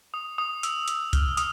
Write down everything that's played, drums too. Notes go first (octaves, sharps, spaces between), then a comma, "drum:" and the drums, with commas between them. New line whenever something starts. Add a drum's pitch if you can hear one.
D#6
D#6
E6, drum: hi-hat
drum: hi-hat
F6, drum: kick C2, hi-hat
D#6, drum: hi-hat